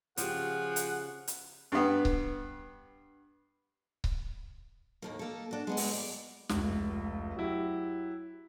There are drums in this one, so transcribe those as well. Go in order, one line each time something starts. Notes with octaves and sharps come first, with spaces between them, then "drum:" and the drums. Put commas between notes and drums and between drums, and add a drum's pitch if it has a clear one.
C#3 F3 F4 G4 G#4 F#5, drum: hi-hat
drum: hi-hat
drum: hi-hat
G2 B3
drum: kick C#1
drum: kick C#1
D#2 A2 A#3
A#3 A4
D4 F#4
G#3 B3 D#5
drum: open hi-hat
D5
F1 C#2, drum: snare
F#3 E4 G4